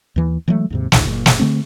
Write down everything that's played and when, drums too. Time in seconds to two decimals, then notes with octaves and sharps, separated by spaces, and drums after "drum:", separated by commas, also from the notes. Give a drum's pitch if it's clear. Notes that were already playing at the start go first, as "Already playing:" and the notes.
0.16 D#2 E3
0.48 E3 F#3 G#3 A3
0.70 D#2 G#2 C3
0.92 A1 D2 A2, drum: snare
1.06 F#1 A#2
1.26 drum: snare
1.40 D3 A3 C4